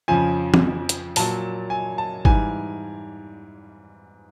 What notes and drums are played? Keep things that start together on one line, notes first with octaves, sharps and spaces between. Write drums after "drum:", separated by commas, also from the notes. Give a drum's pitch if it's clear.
F2 C#3 F3 G#5
drum: tom E3
drum: hi-hat
A#2 F#3 A5, drum: open hi-hat
G#5
A5
G#2 E3 G3 G#5, drum: kick G1